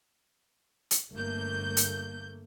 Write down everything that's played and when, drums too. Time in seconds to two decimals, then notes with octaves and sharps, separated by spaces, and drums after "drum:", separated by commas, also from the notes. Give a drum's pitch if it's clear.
0.91 drum: hi-hat
1.12 G1 A3 A#3 G6
1.77 drum: hi-hat